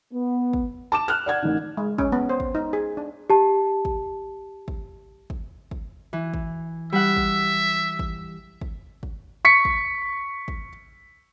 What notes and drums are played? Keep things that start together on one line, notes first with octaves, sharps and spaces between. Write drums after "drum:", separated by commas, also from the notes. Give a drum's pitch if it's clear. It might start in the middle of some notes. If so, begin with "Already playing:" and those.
B3
drum: kick
A5 D6 E7
F6 F#6
D5 F#5 G#6
A1 D#3
G#3
C#4, drum: kick
B3
C5
drum: kick
D#4
G#4
D4
G4 A5
drum: kick
drum: kick
drum: kick
drum: kick
E3
drum: kick
G3 E5 F#5
drum: kick
drum: kick
drum: kick
drum: kick
C#6 B6 C#7
drum: kick
drum: kick